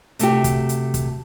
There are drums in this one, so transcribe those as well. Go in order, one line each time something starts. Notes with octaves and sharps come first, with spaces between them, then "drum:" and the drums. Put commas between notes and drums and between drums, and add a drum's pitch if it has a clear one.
C3 A3 F#4 G4, drum: hi-hat
drum: kick, hi-hat
drum: hi-hat
drum: kick, hi-hat